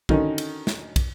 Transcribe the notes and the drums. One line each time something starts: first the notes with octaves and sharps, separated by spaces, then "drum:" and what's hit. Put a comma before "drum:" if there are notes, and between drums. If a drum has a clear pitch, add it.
D3 D#3 C#4 D#4 F#4, drum: kick
drum: cymbal
drum: snare
drum: kick, cymbal